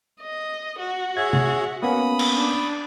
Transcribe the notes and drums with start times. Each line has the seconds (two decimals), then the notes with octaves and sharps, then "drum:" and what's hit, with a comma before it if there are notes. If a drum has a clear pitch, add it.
0.21 D#5
0.79 F#4
1.17 G#4 C#5 E5 G#6
1.33 drum: tom
1.82 A#3 B3 C#4 B5 D#6
2.19 drum: cymbal
2.34 D4